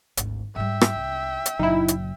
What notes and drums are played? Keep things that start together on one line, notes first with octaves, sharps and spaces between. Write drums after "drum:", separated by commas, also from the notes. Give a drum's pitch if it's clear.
G#1 D2, drum: hi-hat
G#2 G3 E5 G5
drum: rim click
C2
drum: hi-hat
F#1 A#2 F#3 D#4 E4
drum: hi-hat